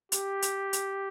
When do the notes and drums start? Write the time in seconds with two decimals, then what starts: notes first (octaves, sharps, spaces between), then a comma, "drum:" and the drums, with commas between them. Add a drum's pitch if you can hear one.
0.12 G4, drum: hi-hat
0.42 drum: hi-hat
0.73 drum: hi-hat